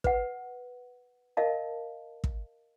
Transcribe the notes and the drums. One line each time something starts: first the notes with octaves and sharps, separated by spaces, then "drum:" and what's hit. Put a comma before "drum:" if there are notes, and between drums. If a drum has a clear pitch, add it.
B4 F#5, drum: kick
A#4 D#5 F5 A5
drum: kick